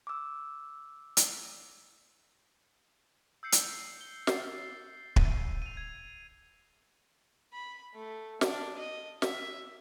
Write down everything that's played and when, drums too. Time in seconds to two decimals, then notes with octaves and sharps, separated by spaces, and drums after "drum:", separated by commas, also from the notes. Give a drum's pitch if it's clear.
0.07 D6 E6
1.17 drum: hi-hat
3.43 E6 G6 C7 C#7
3.52 drum: hi-hat
4.01 G7
4.27 A6 C7, drum: snare
5.16 D#7, drum: kick
5.62 D#7 F7
5.77 G#6 F7
7.53 B5
7.94 A3
8.41 D4, drum: snare
8.78 D#5
9.22 E5, drum: snare